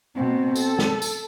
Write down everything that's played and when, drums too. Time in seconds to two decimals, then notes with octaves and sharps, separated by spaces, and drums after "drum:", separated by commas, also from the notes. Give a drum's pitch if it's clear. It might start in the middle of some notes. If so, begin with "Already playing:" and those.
0.15 B2 A#3 C4
0.56 A4, drum: tambourine
0.79 drum: snare
1.02 drum: tambourine